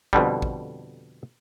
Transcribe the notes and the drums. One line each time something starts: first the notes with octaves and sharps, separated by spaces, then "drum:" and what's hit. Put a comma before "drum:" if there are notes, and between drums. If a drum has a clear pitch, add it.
F2 B2 D3 G3, drum: kick
drum: kick